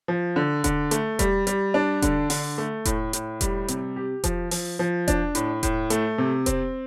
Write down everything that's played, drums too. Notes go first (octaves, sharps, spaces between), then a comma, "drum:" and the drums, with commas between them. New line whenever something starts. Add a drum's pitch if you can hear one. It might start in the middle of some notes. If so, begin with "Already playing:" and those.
F3
D3
D3, drum: kick E1, hi-hat
A3, drum: hi-hat
G3, drum: kick E1, hi-hat
G3, drum: hi-hat
D4
D3, drum: kick E1, hi-hat
D3, drum: open hi-hat
A3
A2, drum: kick E1, hi-hat
A2, drum: hi-hat
G3, drum: kick E1, hi-hat
C3, drum: hi-hat
G4
F3, drum: kick E1, hi-hat
F3, drum: open hi-hat
F3
D4, drum: kick E1, hi-hat
A2, drum: hi-hat
A2, drum: kick E1, hi-hat
A3, drum: hi-hat
C3
C4, drum: kick E1, hi-hat